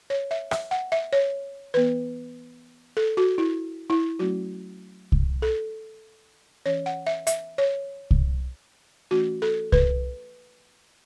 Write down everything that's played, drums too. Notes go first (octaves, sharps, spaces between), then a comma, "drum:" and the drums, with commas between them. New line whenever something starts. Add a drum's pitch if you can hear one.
C#5
E5
E5, drum: rim click
F#5
E5
C#5
E3 B3 B4
A4
F#4
E4
E4
F#3 A3 C#4 F#4
drum: kick C2
A4
E3 C#4 C#5
F#5
E5
E5, drum: hi-hat
C#5
drum: kick C2
E3 A3 C#4 F#4
A4
B4, drum: kick C2